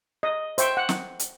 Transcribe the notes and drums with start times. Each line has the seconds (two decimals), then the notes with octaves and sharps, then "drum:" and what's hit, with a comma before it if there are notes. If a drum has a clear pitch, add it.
0.23 D#5
0.58 C5 E5 G5 C#6, drum: hi-hat
0.77 F#5
0.89 drum: snare
1.19 drum: hi-hat